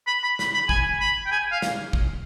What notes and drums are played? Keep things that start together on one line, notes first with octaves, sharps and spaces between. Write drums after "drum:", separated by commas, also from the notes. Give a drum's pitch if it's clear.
B5
B5
B5, drum: snare
B5
G#5, drum: kick
B5
G5
G#5
F5
drum: snare
drum: kick